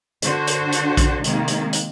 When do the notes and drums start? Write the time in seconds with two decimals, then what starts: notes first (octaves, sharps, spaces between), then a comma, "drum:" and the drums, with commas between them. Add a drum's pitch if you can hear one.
0.22 D3 D4 F#4 C5, drum: hi-hat
0.47 drum: hi-hat
0.72 drum: hi-hat
0.97 drum: kick A#1, hi-hat
1.24 C3 D#3 G#3 A#3, drum: hi-hat
1.48 drum: hi-hat
1.73 drum: hi-hat